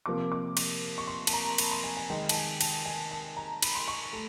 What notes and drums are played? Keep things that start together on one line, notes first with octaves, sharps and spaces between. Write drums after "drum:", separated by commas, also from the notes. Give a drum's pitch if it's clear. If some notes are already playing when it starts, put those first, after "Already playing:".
C3 F3 A#3 D6
D6
D6, drum: cymbal
C#6
C6
A5, drum: cymbal
A#5
B5, drum: cymbal
C6
G#5
G#5
D#3 G#3 G5
A5, drum: cymbal
G#5
A5, drum: cymbal
G#5
A5
A#5
B5, drum: cymbal
C6
C#6
A3